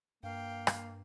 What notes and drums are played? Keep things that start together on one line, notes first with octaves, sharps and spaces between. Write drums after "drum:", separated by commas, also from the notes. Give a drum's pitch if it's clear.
G2 A#3 F5 G5
drum: rim click